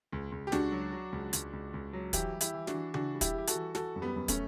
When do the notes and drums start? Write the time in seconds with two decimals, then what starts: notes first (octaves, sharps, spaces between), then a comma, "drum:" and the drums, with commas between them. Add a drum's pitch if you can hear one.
0.13 C#2
0.32 C#2
0.47 G4
0.52 C#2 D4 F#4, drum: snare
0.72 F#3
0.92 F#3
1.12 C#2
1.33 C#2, drum: hi-hat
1.53 C#2
1.74 C#2
1.93 F#3
2.13 E3 E4 G4, drum: kick, hi-hat
2.33 G3
2.41 E4 G4, drum: hi-hat
2.54 E3
2.67 D4 F#4, drum: snare
2.74 E3
2.94 E3 D4 F#4, drum: tom C#3
3.14 G3
3.21 E4 G4, drum: kick, hi-hat
3.34 G3 G4
3.48 F#4 A4, drum: hi-hat
3.55 E3
3.75 E3 F#4 A4, drum: snare
3.96 F#2
4.02 G3 B3
4.16 F#2
4.28 A3 C#4, drum: kick, hi-hat